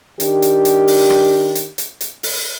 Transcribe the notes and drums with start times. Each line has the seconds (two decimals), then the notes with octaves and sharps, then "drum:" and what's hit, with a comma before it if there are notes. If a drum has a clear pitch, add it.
0.20 D#3 D4 G4, drum: hi-hat
0.42 drum: hi-hat
0.65 drum: hi-hat
0.88 drum: open hi-hat
1.10 drum: rim click
1.55 drum: hi-hat
1.78 drum: hi-hat
2.01 drum: hi-hat
2.23 drum: open hi-hat